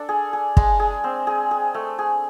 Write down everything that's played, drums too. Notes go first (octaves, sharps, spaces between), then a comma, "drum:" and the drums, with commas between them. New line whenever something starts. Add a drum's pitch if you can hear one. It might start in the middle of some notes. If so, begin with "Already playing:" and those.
Already playing: D4 A4
G#4
G#4
G#3, drum: kick
G#4
C4
G#4
G#4
A3
G#4